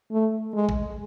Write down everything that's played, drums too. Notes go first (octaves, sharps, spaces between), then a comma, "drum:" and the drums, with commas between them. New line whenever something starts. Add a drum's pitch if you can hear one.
A3
G#3
drum: kick